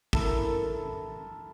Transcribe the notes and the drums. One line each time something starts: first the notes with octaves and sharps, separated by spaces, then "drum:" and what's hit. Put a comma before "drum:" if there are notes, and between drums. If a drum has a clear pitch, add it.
E4 A4 A#4, drum: kick